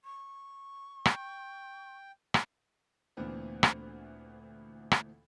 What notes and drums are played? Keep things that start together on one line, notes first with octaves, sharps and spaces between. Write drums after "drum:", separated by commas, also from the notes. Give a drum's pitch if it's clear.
C#6
G5, drum: rim click
drum: rim click
D2 A#2 E3 B3 C4 D4
drum: rim click
drum: rim click